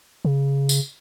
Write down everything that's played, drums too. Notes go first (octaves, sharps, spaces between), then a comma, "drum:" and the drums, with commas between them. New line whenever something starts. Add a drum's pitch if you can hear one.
C#3
drum: tambourine